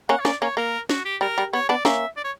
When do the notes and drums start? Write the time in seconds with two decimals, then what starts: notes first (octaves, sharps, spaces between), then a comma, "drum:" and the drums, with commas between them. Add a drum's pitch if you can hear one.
0.09 A#3 C#4 F#5
0.20 C#5
0.25 A#3 C#4 D5, drum: snare
0.41 A#3 C#4 C#5
0.57 A#3 A#4
0.89 F#4, drum: snare
1.05 G4
1.21 G3 A#4
1.38 G3
1.53 B3 C#5
1.69 B3 D4 D5
1.85 A#3 C#4 E5, drum: snare
2.17 D5
2.24 C#5